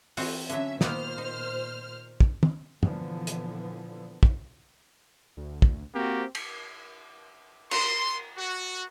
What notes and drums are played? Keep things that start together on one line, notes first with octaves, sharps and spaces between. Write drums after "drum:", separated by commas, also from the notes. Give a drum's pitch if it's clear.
E3 C4 F#4, drum: open hi-hat
D3 F#3 C#4 E5, drum: hi-hat
A#2 D#3 A#3 B3 C5 F6, drum: snare
D#4
drum: kick
drum: tom
A#2 D3 E3 F3 B3, drum: tom
drum: hi-hat
drum: kick
D2
drum: kick
A#3 C4 F#4 G4
drum: cymbal
C6, drum: cymbal
F#4